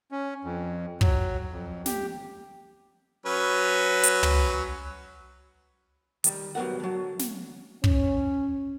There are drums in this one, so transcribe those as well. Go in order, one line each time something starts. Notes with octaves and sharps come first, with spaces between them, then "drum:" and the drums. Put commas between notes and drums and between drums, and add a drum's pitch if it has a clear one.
C#4
F2
F#3, drum: kick
F2
G4, drum: snare
F#3 C#4 B4
drum: hi-hat
drum: tom
D#3 G3, drum: hi-hat
F#3 G3 B3 A#4 F#5
D3 F#3
drum: snare
C#4, drum: kick